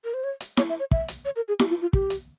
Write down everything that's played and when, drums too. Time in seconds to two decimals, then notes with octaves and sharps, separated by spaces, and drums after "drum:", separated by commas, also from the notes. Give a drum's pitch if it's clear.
0.04 A#4
0.14 C5
0.24 C#5
0.40 drum: hi-hat
0.57 C#5, drum: snare E4
0.69 E5
0.79 C#5
0.91 E5, drum: kick
1.08 drum: hi-hat
1.25 C#5
1.36 A#4
1.48 G#4
1.59 G4, drum: snare E4
1.70 F4
1.82 F4
1.93 G4, drum: kick
2.10 drum: hi-hat